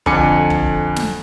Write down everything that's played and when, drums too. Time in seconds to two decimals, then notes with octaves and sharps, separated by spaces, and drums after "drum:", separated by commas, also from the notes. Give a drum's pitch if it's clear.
0.06 F2 D3 G#5 D6 C#7, drum: kick
0.50 drum: kick
0.96 drum: snare